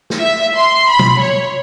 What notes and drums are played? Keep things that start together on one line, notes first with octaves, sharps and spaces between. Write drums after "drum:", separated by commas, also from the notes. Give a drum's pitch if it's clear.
drum: snare
E5
C6
B5
drum: tom
C#5